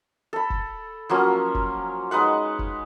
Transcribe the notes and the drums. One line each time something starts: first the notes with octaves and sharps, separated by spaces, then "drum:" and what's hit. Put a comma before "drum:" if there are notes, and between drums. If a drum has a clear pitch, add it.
A4 B5
drum: kick
F3 F#3 A#3 C#4
drum: kick
G#3 D#4 B4 F#5
drum: kick